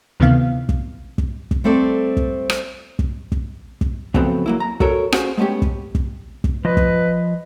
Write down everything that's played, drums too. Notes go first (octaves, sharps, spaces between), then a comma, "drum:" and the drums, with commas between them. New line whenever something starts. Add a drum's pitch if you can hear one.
D2 C3 D#3 E3 B3 F5
drum: kick
drum: kick
drum: kick
G3 A3 C4 A4 D5
drum: kick
drum: rim click
drum: kick
drum: kick
drum: kick
C#3 F3 F#3 A3 B3 C4, drum: kick
F#3 A#3 E4
A#5
F#4 A4 A#4 C#5, drum: kick
C#4 F4 F#4 G#4 C5, drum: rim click
G#3 A3 B3 C#4 G4
drum: kick
drum: kick
drum: kick
F3 B4 D#5
drum: kick